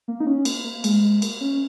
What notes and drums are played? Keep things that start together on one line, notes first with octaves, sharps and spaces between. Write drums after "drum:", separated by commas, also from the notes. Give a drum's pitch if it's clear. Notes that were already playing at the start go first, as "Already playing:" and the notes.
A#3
D#4
C#4
A#3, drum: cymbal
A#3
G#3, drum: cymbal
G#3
A#3, drum: cymbal
C#4